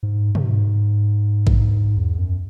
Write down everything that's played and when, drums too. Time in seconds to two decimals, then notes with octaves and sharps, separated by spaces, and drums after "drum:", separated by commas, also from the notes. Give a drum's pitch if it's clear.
0.03 G#2
0.35 G#2, drum: tom B2
1.47 drum: kick A1
1.97 E2
2.19 F#2